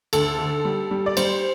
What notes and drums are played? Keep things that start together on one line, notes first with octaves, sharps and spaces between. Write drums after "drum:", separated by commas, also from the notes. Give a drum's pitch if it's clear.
D2 A4, drum: cymbal
D3
G3
G3
D5
G3 C5, drum: cymbal